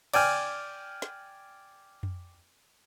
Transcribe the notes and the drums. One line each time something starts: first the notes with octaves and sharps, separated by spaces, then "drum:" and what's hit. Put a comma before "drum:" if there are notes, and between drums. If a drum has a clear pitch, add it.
D5 G5 G#5 F6, drum: cymbal
drum: snare
drum: tom F2